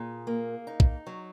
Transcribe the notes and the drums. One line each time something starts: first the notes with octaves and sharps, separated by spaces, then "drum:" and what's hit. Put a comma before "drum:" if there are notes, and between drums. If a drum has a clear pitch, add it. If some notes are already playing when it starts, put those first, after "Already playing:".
Already playing: A#2 G#4
A#3
D#4
drum: kick
F#3